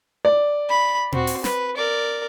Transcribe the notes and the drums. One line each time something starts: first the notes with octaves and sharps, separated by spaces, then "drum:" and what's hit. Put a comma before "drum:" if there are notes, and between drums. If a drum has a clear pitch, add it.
D5
B5
C4 F#4, drum: tom A#2
drum: open hi-hat
B4, drum: snare
A#4 D5